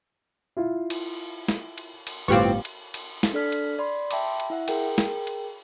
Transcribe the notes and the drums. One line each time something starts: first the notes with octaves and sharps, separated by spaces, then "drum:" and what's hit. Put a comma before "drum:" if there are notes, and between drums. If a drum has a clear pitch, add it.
E4 F4
drum: cymbal
drum: snare
drum: cymbal
drum: cymbal
G1 A2 B3 C4 F4 G4 C#6
drum: cymbal
drum: cymbal
drum: snare
D4 A4 D5 F6 B6
drum: cymbal
D5 B5 C6
E5 G5 A5 B5 C6 D6, drum: cymbal
drum: cymbal
E4 E5 F#5
G#4 A#4 G5, drum: cymbal
drum: snare
drum: cymbal